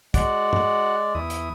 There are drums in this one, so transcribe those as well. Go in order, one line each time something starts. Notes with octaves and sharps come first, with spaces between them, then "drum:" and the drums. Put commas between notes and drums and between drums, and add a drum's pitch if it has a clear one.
G#3 F#4 D5 F#5, drum: kick, hi-hat
drum: tom
E2 E3 D#6
drum: hi-hat